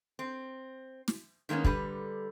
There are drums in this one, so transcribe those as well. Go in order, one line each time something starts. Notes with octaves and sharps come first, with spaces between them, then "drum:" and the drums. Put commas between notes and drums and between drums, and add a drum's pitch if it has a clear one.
C4
drum: snare
D#3 G#3 A#3 B3 C#4
D3 G3 B4, drum: kick